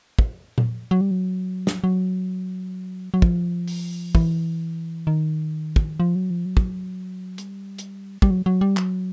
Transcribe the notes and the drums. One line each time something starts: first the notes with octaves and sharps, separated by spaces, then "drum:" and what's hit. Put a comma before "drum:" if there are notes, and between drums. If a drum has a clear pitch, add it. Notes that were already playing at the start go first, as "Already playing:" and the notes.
drum: kick
drum: tom A#2
F#3
G3
F#3
drum: snare
F#3
F#3
F3, drum: kick
drum: open hi-hat
E3, drum: kick
D#3
drum: kick
F3
F#3
F3
F#3
drum: kick
G3, drum: hi-hat
drum: hi-hat
G3, drum: kick
F#3
F#3
G3
F#3, drum: clap